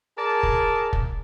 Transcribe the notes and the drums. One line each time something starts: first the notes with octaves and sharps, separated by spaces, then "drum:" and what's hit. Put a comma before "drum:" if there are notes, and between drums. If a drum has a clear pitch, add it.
G#4 A#4 D5 A5
drum: kick
drum: kick